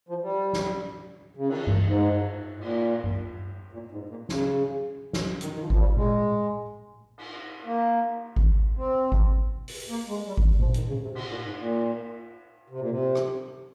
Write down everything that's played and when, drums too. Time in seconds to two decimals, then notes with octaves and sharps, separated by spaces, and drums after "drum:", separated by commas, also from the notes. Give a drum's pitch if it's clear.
0.09 F3
0.23 G3
0.53 drum: snare
1.37 C#3
1.49 D#3, drum: cymbal
1.67 A#2, drum: tom G2
1.86 G#2
2.56 G#2
2.60 A#2, drum: cymbal
3.04 drum: tom F#2
3.73 A#2
3.92 G#2
4.09 A#2
4.29 C#3, drum: snare
5.13 drum: snare
5.41 D#3, drum: hi-hat
5.51 D#3
5.60 F3
5.70 F3, drum: kick G#1
5.79 G3
5.96 G#3, drum: tom A#2
7.18 drum: cymbal
7.65 A#3
8.36 drum: kick G#1
8.77 C4
9.12 drum: kick G#1
9.68 drum: open hi-hat
9.89 A#3
10.08 G#3
10.27 G3
10.37 drum: kick G#1
10.59 F3, drum: tom A#2
10.74 D#3, drum: hi-hat
10.88 C#3
11.02 C3
11.15 C3, drum: cymbal
11.29 A#2
11.44 G#2
11.58 A#2
12.70 C3
12.79 A#2
12.90 C3
13.15 drum: rim click